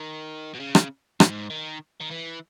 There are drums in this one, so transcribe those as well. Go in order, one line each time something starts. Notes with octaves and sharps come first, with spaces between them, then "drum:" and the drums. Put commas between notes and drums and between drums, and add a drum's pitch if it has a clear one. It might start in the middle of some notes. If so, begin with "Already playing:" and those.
Already playing: D#3
B2
C#3
drum: rim click
G#2, drum: rim click
D#3
D#3
E3